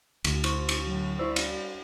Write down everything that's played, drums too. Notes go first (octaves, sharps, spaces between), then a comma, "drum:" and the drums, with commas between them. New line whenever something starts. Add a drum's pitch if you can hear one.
D2, drum: cymbal
E4 C5 C6 C#6, drum: cymbal
drum: cymbal
A2 D3 F#3
G3 E4 C5 C#6 E6
C#5 F5, drum: cymbal